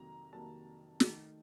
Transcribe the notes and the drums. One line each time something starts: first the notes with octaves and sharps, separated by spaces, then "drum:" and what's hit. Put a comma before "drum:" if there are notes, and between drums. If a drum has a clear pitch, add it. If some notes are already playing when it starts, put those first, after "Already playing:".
Already playing: F2 C3 D#3 F#3 A#3 A#5
F2 C3 D#3 F#3 A#3 A5
D#3 A3 D#4, drum: snare